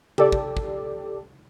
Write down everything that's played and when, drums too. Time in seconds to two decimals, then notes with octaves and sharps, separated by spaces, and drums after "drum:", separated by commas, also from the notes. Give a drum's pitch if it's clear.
0.18 G4 A4 D5, drum: tom C3
0.32 drum: kick
0.57 drum: kick